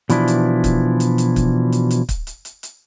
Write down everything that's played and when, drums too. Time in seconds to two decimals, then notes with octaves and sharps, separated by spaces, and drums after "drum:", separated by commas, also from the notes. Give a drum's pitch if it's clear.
0.10 B2 E3 F3 D4 E4, drum: hi-hat
0.28 drum: hi-hat
0.64 drum: kick, hi-hat
1.00 drum: hi-hat
1.18 drum: hi-hat
1.36 drum: kick, hi-hat
1.72 drum: hi-hat
1.91 drum: hi-hat
2.09 drum: kick, hi-hat
2.27 drum: hi-hat
2.45 drum: hi-hat
2.63 drum: hi-hat